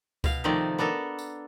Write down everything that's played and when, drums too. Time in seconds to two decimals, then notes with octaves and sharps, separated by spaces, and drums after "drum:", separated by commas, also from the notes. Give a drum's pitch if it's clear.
0.24 B2 F5, drum: kick C#2, tambourine
0.44 C3 D#3 F3 A3 D#4 D5
0.78 B3 D4 A4 A#4
1.19 drum: tambourine